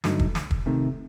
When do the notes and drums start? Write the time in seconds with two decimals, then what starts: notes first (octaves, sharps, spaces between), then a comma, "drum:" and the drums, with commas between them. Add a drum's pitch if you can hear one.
0.04 G2 D3 F#3 A3 D#4, drum: snare
0.19 drum: kick
0.35 drum: snare
0.51 drum: kick
0.66 C3 D#3 A3